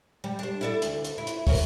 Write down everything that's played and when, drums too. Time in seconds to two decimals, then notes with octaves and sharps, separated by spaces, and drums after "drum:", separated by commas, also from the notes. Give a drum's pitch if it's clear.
0.24 G3
0.39 D4 C5
0.61 E4 A4 D5
0.82 D2, drum: hi-hat
1.04 drum: hi-hat
1.18 E4
1.27 drum: hi-hat
1.47 A#4 C#5, drum: kick, open hi-hat